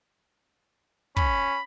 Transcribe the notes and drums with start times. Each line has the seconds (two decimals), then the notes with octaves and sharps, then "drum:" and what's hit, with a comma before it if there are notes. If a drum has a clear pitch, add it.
1.17 C#4 B5, drum: kick